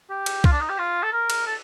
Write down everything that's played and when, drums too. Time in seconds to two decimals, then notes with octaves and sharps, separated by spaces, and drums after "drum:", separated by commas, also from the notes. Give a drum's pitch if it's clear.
0.10 G4
0.26 drum: cymbal
0.44 F4, drum: kick C2
0.52 D4
0.60 D#4
0.69 G4
0.78 F4
1.03 A4
1.12 A#4
1.30 drum: cymbal
1.47 A4